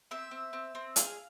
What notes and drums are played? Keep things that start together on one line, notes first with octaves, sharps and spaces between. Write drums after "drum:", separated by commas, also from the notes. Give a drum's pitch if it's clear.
C4 E5
C4
C4
C4
G#4 F5, drum: hi-hat